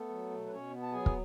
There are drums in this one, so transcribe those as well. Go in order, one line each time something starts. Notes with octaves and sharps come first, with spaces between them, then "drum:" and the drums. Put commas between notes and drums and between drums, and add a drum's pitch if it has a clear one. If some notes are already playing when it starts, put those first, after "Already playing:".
Already playing: A3 B3 A4
F#3
B2
B4
B2 C#4 C#5
B3
A5
F#3 G#4 G#5
drum: kick